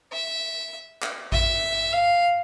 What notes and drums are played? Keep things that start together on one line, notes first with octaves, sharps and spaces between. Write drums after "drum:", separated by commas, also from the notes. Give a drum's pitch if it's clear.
E5
drum: clap
E5, drum: kick A1
F5